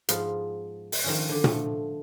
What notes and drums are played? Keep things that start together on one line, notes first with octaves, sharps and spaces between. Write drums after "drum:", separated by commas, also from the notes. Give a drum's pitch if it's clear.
G#2 F3 B3 F4 C6, drum: hi-hat
drum: open hi-hat
D#3 F3 C#4
D3 D4
F3 A3, drum: tom A#2